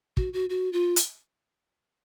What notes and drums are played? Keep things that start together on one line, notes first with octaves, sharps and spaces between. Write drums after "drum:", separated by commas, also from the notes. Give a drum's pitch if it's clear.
F#4, drum: kick
F#4
F#4
F4
drum: hi-hat